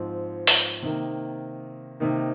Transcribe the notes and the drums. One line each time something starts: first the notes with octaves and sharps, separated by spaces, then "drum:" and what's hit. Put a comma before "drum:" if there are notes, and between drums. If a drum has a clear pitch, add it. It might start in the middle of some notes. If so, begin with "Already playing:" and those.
Already playing: G#2 F3 C4
drum: open hi-hat
C3 D#3 A#3
C3 D#3 A#3 D#4